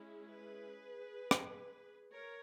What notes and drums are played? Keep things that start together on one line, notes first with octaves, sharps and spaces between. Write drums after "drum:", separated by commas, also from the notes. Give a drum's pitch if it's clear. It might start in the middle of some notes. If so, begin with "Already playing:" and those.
Already playing: G#3 C#4 E4
G#4 B4
drum: rim click
A#4 C#5